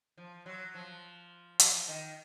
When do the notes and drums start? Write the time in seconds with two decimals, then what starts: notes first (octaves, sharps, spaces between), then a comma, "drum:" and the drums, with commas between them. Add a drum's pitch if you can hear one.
0.17 F3
0.46 F#3
0.74 F3
1.59 F3, drum: hi-hat
1.88 D#3